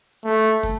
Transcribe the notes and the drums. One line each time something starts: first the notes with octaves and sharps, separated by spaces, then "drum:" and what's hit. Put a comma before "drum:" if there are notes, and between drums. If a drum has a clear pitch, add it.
A3
drum: kick